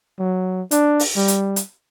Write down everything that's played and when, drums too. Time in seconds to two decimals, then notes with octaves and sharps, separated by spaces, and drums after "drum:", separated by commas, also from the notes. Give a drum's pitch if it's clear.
0.19 F#3
0.71 D4, drum: hi-hat
1.00 drum: open hi-hat
1.16 G3
1.28 drum: hi-hat
1.56 drum: hi-hat